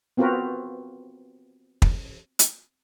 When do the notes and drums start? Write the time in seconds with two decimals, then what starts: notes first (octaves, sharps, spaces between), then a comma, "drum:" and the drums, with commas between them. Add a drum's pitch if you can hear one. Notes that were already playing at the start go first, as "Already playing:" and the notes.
0.17 B3 C4 F4 F#4 A#4 B4
1.82 drum: kick
2.39 drum: hi-hat